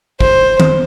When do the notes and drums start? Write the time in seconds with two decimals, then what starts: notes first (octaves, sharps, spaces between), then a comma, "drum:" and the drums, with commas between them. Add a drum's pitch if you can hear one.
0.20 C5, drum: kick
0.60 drum: tom D#3